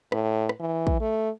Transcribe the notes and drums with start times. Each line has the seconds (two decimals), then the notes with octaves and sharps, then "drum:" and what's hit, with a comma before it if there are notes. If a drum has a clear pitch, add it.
0.12 A2, drum: rim click
0.49 drum: rim click
0.60 E3
0.87 drum: kick
1.00 A3